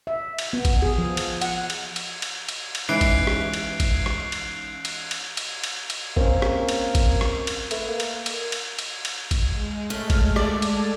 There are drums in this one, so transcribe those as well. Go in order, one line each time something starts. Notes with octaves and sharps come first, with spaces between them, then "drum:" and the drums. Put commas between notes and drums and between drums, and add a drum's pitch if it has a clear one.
E5
drum: cymbal
B3
drum: kick, cymbal
G#4
F3
drum: cymbal
F#5, drum: cymbal
drum: cymbal
drum: cymbal
drum: cymbal
drum: cymbal
drum: cymbal
E3 G#3 C#4 D#4 F#6 C7 D7
drum: kick, cymbal
drum: rim click
drum: cymbal
drum: kick, cymbal
drum: rim click
drum: cymbal
drum: cymbal
drum: cymbal
drum: cymbal
drum: cymbal
drum: cymbal
A#3 C4 C#4, drum: kick
drum: rim click
drum: cymbal
drum: kick, cymbal
drum: rim click
drum: cymbal
A3 B4, drum: cymbal
A#3
drum: cymbal
drum: cymbal
drum: cymbal
drum: cymbal
drum: cymbal
drum: kick, cymbal
G#3
A3 A4 C#5 F6
drum: kick, cymbal
A4 D5, drum: rim click
drum: cymbal